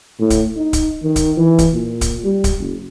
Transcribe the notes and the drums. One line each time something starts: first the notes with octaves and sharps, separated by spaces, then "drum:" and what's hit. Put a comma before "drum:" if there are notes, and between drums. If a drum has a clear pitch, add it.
A2
drum: kick D1, hi-hat
D#4
drum: kick D1, hi-hat
D#3
drum: kick D1, hi-hat
E3
drum: kick D1, hi-hat
A#2
drum: kick D1, hi-hat
G3
drum: kick D1, hi-hat
F#1